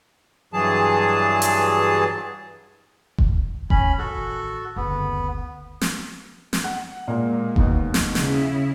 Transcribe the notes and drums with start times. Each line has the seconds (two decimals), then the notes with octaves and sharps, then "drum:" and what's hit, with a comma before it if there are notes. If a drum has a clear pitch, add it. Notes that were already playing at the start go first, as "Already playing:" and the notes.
0.53 G2 E3 F#3 G#4 A5
1.42 drum: hi-hat
3.18 drum: kick F1
3.70 C#4 B5, drum: kick F1
3.99 A1 D#3 F#4 A4
4.76 F#1 D2 B3
5.81 drum: snare
6.53 drum: snare
6.64 F#5
7.08 A#2 G#3 A#3
7.56 D#2 B2, drum: kick F1
7.94 drum: snare
8.15 C#3 E4, drum: snare